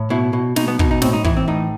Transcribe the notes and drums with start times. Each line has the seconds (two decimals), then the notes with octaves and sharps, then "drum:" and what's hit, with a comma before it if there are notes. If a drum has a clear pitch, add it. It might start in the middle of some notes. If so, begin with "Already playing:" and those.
Already playing: A2
0.10 B2 E4
0.33 B2
0.56 B2 D#4, drum: snare
0.68 B3
0.79 B2 D#4, drum: kick
0.91 D#4
1.02 A2 C4, drum: snare
1.13 D#4
1.24 E3 E4, drum: kick
1.37 C4
1.48 A2 D#4